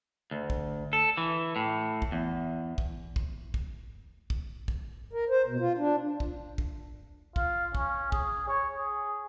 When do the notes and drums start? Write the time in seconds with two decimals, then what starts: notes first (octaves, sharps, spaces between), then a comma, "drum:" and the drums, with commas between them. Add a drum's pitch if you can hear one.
0.31 D2
0.50 drum: kick
0.93 A4
1.17 E3
1.56 A2
2.02 drum: kick
2.12 E2
2.78 drum: kick
3.16 drum: kick
3.54 drum: kick
4.30 drum: kick
4.68 drum: kick
5.13 A#4
5.30 C5
5.47 B2
5.60 F4
5.78 D4
6.20 drum: kick
6.58 drum: kick
7.36 F4, drum: kick
7.75 C#4, drum: kick
8.12 G#4, drum: kick
8.48 C#5
8.77 G#4